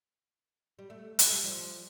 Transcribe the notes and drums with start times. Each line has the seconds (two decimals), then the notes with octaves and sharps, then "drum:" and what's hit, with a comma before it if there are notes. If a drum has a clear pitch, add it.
0.79 G3
0.90 A3
1.19 A3, drum: hi-hat
1.31 G3
1.43 F3